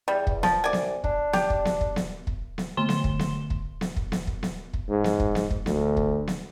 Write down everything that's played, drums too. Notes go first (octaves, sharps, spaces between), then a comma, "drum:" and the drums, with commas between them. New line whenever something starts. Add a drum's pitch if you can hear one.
E2 G3
drum: kick
F3, drum: snare B3
C2 D5 G#5
drum: snare B3
D4, drum: kick
G4, drum: snare B3
drum: kick
drum: snare B3
drum: kick
drum: snare B3
drum: kick
drum: snare B3
D3 A3 C6 E7 G7
drum: snare B3
drum: kick
drum: snare B3
drum: kick
drum: snare B3
drum: kick
drum: snare B3
drum: kick
drum: snare B3
drum: kick
G#2
drum: snare B3
drum: kick
drum: snare B3
drum: kick
D2, drum: snare B3
drum: kick
drum: snare B3